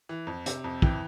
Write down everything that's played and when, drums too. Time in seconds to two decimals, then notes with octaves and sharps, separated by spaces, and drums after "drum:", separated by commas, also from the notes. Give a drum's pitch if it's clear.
0.09 E3
0.27 F2
0.46 C3, drum: hi-hat
0.64 F2
0.82 E3 G5, drum: kick